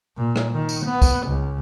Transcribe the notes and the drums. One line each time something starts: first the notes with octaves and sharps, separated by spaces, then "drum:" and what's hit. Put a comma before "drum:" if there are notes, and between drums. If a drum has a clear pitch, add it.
A#2
drum: rim click
D#3
drum: tambourine
B3
drum: kick, tambourine
C#2